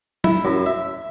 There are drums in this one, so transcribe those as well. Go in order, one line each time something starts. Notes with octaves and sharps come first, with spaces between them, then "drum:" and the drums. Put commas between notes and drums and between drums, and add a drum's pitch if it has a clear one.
E4, drum: tom F#3
F#2
E5